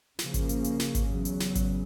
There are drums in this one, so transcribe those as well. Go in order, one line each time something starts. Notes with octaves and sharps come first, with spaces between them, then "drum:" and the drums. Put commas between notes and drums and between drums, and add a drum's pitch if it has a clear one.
C#3 F3 A#3 C#4, drum: snare
drum: kick G#1, hi-hat
drum: hi-hat
drum: hi-hat
drum: snare
drum: kick G#1, hi-hat
E2 C#3 F#3
drum: hi-hat
drum: snare
drum: kick G#1, hi-hat